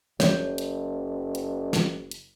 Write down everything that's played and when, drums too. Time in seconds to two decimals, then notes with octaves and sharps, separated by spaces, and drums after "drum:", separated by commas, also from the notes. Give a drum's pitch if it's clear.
0.20 F#1 C#5, drum: snare
0.58 drum: hi-hat
1.35 drum: hi-hat
1.73 drum: snare
2.11 drum: hi-hat